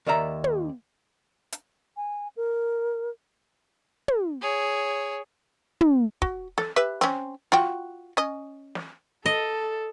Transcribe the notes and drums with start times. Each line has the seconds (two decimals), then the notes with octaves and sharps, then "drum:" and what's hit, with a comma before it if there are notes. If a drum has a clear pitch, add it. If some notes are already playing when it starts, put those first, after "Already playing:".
0.06 D#2 A#4 D5 E5 A#5
0.44 drum: tom
1.52 drum: hi-hat
1.97 G#5
2.36 A#4
4.08 drum: tom
4.42 G#4 C#5
5.81 drum: tom
6.22 F#4, drum: kick
6.58 A4, drum: snare
6.76 G4 B4 E5
7.01 C4 C#4, drum: snare
7.52 F4 F#4 G5, drum: snare
8.17 C#4 D#5
8.75 drum: snare
9.26 A4 D#5